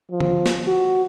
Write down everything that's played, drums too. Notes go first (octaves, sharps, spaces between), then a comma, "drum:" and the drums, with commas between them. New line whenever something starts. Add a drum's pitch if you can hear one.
F3
drum: tom D3
drum: snare
F#4